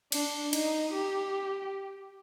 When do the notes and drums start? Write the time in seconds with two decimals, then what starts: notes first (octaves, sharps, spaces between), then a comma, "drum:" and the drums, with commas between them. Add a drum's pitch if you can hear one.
0.12 D4, drum: cymbal
0.53 D#4, drum: cymbal
0.93 G4